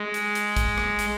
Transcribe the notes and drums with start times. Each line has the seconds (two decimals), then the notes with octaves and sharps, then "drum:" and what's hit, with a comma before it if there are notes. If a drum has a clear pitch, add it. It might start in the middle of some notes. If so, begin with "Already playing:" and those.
Already playing: G#3
0.14 drum: hi-hat
0.35 drum: hi-hat
0.56 drum: kick, hi-hat
0.78 drum: rim click
0.99 drum: hi-hat